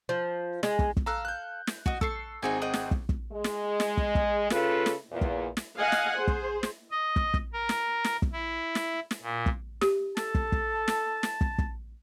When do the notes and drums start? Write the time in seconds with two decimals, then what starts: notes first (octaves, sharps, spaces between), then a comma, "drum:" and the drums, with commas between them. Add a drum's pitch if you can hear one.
0.09 F3
0.63 G#3, drum: snare
0.79 drum: kick
0.97 drum: kick
1.06 A4 F5 A#5 E6 F#6
1.25 F#6 G6
1.67 drum: snare
1.86 F#4 D#5, drum: kick
2.01 A4 C#6 E6 C7, drum: kick
2.42 G#1 C4 D#4 F#4 G#4 G#5
2.62 D#5 F#5 G5
2.74 drum: snare
2.91 drum: kick
3.09 drum: kick
3.31 G#3
3.44 drum: snare
3.80 drum: snare
3.97 drum: kick
4.15 drum: kick
4.50 C#3 F4 A4 B4, drum: snare
4.86 drum: snare
5.11 E2 A#2
5.21 drum: kick
5.57 drum: snare
5.77 D#5 F5 F#5 G#5
5.92 drum: snare
6.17 G#4 C5
6.28 drum: kick
6.63 drum: snare
6.91 D#5
7.16 drum: kick
7.34 drum: kick
7.53 A#4
7.69 drum: snare
8.04 drum: snare
8.22 drum: kick
8.33 E4
8.75 drum: snare
9.11 drum: snare
9.22 A#2
9.46 drum: kick
9.81 G4, drum: snare
10.17 A4 A5, drum: snare
10.35 drum: kick
10.52 drum: kick
10.88 drum: snare
11.23 drum: snare
11.41 drum: kick
11.58 drum: kick